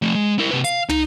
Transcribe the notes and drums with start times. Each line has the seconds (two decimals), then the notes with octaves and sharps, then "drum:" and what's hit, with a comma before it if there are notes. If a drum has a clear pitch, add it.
0.02 F3 A3
0.16 G#3
0.39 E4 A#4
0.51 C3 B4
0.64 F5, drum: hi-hat
0.89 D#4, drum: tom